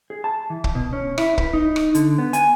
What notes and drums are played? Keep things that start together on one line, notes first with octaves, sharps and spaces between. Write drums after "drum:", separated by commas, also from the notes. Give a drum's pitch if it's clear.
G#4
A5
E3
drum: kick
B2
C#4
E4, drum: rim click
B4, drum: kick
D#4
drum: rim click
D3, drum: hi-hat
B3
G#5, drum: hi-hat